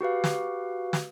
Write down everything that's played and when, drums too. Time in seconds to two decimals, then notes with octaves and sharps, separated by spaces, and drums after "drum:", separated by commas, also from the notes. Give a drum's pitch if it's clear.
0.01 F#4 G4 B4 F5
0.24 drum: snare
0.93 drum: snare